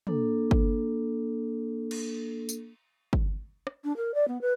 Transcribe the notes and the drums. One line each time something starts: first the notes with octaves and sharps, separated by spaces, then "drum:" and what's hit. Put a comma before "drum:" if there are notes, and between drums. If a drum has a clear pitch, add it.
A#3 D4 A4, drum: tom
drum: kick
drum: cymbal
drum: tambourine
drum: kick
drum: rim click
D4
A#4
D5
B3
B4